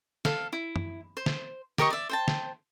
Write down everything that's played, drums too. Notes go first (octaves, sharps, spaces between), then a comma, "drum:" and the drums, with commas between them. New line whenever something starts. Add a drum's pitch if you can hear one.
A4 F5, drum: snare
E4
drum: tom F#2
C5
drum: snare
G4 A#4 D#5 C#6, drum: snare
D5 E5
C5 G5 A5
drum: snare